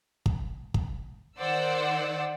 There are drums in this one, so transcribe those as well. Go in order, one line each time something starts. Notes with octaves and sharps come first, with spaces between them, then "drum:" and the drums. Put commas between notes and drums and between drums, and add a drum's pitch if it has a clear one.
drum: kick
drum: kick
D#3 C5 D5 F#5 E6